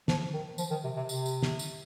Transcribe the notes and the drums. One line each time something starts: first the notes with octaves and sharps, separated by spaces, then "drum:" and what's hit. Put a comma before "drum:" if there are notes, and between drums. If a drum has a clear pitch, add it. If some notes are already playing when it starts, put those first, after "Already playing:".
F3, drum: snare
D#3
F3, drum: tambourine
D#3
C3
C3
C3, drum: tambourine
drum: tambourine
drum: snare
drum: tambourine